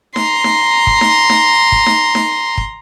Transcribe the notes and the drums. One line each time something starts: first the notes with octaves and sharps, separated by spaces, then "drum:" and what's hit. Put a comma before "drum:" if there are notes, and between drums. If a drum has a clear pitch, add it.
A#5 C6, drum: snare D#4
drum: snare D#4
drum: kick
drum: snare D#4
drum: snare D#4
drum: kick
drum: snare D#4
drum: snare D#4
drum: kick